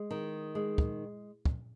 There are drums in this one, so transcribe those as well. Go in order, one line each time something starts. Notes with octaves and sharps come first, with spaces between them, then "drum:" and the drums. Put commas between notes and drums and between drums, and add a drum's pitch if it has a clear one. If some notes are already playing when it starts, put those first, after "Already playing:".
Already playing: G#3
D#3
G#3
drum: kick
drum: kick